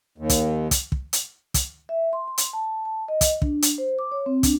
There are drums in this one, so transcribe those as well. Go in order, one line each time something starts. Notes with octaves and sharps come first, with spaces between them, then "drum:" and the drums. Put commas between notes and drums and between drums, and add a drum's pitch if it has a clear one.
D#2
drum: kick, hi-hat
drum: kick, hi-hat
drum: kick
drum: hi-hat
drum: kick, hi-hat
E5
C6
C6
drum: hi-hat
A5
A5
D#5
drum: kick, hi-hat
D4, drum: kick
drum: hi-hat
C5
D6
C#5
C4
D4, drum: kick, hi-hat